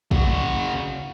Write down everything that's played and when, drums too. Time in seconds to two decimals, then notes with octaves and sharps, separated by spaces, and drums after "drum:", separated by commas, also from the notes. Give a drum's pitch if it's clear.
0.11 C#3 F#4, drum: kick